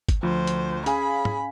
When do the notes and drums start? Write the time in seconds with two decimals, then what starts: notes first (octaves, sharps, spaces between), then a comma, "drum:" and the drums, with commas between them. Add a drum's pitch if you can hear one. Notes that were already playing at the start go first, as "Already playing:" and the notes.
0.09 drum: kick, hi-hat
0.23 D2 F3 C5
0.47 drum: hi-hat
0.86 C#4 G#4 F5 G#5 B5, drum: hi-hat
1.25 drum: tom